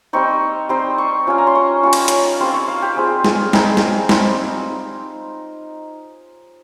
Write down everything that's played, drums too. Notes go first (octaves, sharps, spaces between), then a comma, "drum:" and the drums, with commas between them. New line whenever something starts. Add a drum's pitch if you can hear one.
G3 C4 D#4 C#6
G3 C4 D#4 C6
C#6
G3 C#4 F4 G#5
A#5
C6
C#6
G3 C#4 F4 C#6
drum: cymbal
drum: hi-hat
G3 C4 F4 C6
C#6
F5
G4
G3 C4 F4 G#4
G#4, drum: snare
G3 C4 D#4 G#4, drum: snare
drum: snare
G3 C4 D#4, drum: snare